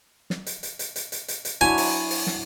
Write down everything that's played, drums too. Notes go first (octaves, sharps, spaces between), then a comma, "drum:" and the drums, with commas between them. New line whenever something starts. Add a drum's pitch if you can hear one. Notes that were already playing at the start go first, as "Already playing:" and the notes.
drum: snare
drum: hi-hat
drum: hi-hat
drum: hi-hat
drum: hi-hat
drum: hi-hat
drum: hi-hat
drum: hi-hat
F#3 D4 E4 G#5
drum: open hi-hat
drum: open hi-hat
drum: snare